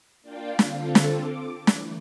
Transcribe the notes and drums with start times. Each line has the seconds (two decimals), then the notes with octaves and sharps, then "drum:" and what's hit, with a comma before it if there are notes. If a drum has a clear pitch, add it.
0.22 A#3 D4 F4 D5 F5 G5
0.59 D3 C4 F4 A4, drum: snare
0.95 drum: snare
1.12 D6
1.67 E3 A3, drum: snare